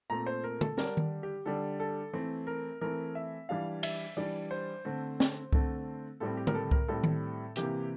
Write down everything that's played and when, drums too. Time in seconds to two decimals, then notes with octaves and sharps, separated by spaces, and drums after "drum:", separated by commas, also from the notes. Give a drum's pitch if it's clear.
0.10 A#2 A3 C4 A#5
0.26 C5
0.44 A#4
0.61 A4, drum: tom D3
0.77 D3 G3 D4 A#4, drum: snare
0.97 drum: tom D#3
1.23 G4
1.46 D3 G3 D4 A4
1.80 A4
2.13 E3 A3 C4
2.47 A#4
2.81 E3 A3 C4 A#4
3.15 E5
3.49 E3 G3 D4 F5
3.83 E5, drum: cymbal
4.17 E3 G3 D4 D5
4.51 C5
4.85 D3 A3 C4
5.20 drum: snare
5.53 D3 A3 C4, drum: kick C2
6.20 A2 G3 C4 A4
6.37 G4
6.47 A#4, drum: tom D3
6.55 A4
6.71 A#4, drum: kick C2
6.88 A2 G3 C4 A4
7.04 drum: tom D#3
7.56 C3 E3 A#3 G4, drum: hi-hat